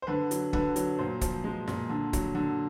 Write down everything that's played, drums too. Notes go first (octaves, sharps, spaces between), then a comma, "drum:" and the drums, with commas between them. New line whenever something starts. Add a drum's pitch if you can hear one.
C5
D3 B4
F#3, drum: hi-hat
D3 B4, drum: kick
F#3, drum: hi-hat
A#2 C5
F3, drum: kick, hi-hat
G#3
A#2, drum: snare
D3
F#3, drum: kick, hi-hat
D3